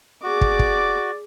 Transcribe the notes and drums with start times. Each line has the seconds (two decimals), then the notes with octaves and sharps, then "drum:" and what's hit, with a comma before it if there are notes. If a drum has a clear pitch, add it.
0.23 F#4 G#4 D5 D6
0.41 drum: kick
0.59 drum: kick